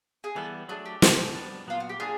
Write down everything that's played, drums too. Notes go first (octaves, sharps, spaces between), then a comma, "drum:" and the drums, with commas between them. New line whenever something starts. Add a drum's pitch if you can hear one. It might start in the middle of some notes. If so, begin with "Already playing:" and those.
G#4
E3 G3 B3 A4
F#3 A3 D4 G#4
G4
F3 A3 C4 D#4 G#4, drum: snare
G3 B3 D4
A#2 F#3 B3 F4
F#4
G4
A#3 D4 F4 G#4